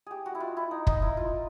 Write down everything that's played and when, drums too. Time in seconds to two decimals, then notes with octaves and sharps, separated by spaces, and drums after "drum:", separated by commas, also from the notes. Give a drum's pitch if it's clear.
0.07 G4 G#4
0.26 F#4
0.35 E4
0.40 F4
0.57 E4
0.71 D#4
0.87 D#4, drum: kick
1.02 E4
1.17 F4